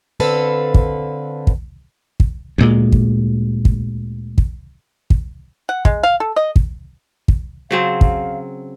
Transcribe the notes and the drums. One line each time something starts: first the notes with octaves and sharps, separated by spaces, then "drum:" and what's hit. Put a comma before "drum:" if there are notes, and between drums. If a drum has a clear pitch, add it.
D3 C4 A4 B4 F5
drum: kick
drum: kick
drum: kick
D2 A#2 G#3
drum: kick
drum: kick
drum: kick
drum: kick
F#5
G#3, drum: kick
F5
A4
D#5
drum: kick
drum: kick
C#3 F#3 C4 F5
drum: kick